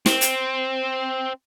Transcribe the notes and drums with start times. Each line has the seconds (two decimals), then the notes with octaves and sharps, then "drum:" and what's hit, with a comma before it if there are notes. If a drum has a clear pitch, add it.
0.06 C4, drum: snare
0.21 drum: hi-hat